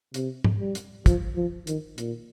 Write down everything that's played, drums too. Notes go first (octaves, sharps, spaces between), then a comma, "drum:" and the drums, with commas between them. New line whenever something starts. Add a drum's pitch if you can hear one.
C3, drum: hi-hat
drum: tom
G3
drum: hi-hat
F3, drum: kick, hi-hat
F3
D#3, drum: hi-hat
A#2, drum: hi-hat